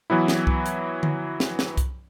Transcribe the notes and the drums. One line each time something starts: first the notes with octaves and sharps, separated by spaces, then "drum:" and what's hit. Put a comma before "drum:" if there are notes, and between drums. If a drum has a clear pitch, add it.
E3 F#3 B3 E4
drum: snare
drum: kick C2
drum: hi-hat
drum: tom D3
drum: snare
drum: snare
drum: kick C2, hi-hat